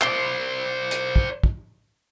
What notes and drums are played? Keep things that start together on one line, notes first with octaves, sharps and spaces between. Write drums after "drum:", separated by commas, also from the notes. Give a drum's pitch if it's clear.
C5 D5, drum: clap
drum: hi-hat
drum: kick
drum: kick